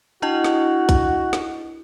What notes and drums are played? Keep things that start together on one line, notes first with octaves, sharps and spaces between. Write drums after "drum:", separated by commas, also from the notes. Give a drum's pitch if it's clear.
D4 E4 F#4 D#5
drum: snare
drum: kick B1, hi-hat
drum: snare